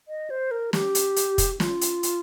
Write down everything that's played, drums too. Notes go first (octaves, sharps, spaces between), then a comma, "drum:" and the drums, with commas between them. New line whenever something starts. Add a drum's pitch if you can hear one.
D#5
C5
A#4
G4, drum: snare
drum: hi-hat
drum: hi-hat
drum: kick, hi-hat
F4, drum: snare
drum: hi-hat
drum: hi-hat